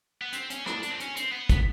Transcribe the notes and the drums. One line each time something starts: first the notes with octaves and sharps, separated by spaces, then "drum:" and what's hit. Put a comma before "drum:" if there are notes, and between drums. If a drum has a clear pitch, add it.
B3
C4, drum: hi-hat
C#4, drum: hi-hat
D4, drum: rim click
D4, drum: hi-hat
C4
C#4, drum: hi-hat
C4, drum: hi-hat
B3
drum: kick, hi-hat